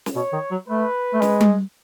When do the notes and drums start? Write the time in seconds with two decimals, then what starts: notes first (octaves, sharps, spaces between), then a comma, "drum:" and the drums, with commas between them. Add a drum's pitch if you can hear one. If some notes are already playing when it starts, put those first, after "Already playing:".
0.06 drum: snare
0.16 B2 C#5
0.33 D#3
0.51 F#3
0.68 A3 B4
1.14 A3
1.22 G#3, drum: snare
1.41 drum: tom G3